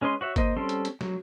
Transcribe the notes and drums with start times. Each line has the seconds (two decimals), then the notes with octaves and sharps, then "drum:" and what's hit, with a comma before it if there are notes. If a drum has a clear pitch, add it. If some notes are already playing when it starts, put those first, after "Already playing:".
0.01 G#3 C#4 B4 D#5 C6
0.21 F#4 C#5 E5
0.36 A#3 C5 D#5, drum: kick G#1, hi-hat
0.57 G3 C4 C#4 A4 C6
0.69 drum: hi-hat
0.85 drum: hi-hat
1.01 F#3, drum: snare